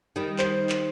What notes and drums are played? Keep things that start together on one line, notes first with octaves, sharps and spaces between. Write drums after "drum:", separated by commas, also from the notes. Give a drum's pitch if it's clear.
D#3 G3
C5, drum: clap
drum: clap